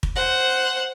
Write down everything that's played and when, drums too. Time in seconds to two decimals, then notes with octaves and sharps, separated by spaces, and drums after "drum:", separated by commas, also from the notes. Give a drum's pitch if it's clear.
0.03 drum: kick
0.15 C5 F#5